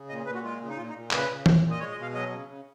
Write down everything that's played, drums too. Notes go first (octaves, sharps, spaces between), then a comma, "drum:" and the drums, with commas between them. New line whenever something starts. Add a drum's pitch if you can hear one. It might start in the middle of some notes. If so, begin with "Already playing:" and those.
Already playing: C#3
A#2 D#5
A#2 B4
F#4
G#3 F4
C#3
D#4
A#2 F4
D#4
A#2
C#3 B4, drum: clap
C#3
A#2, drum: tom E3
A#2
D#5
G#3 C#5
D#5
B2
F5
F#3 D#5
C#3
C#3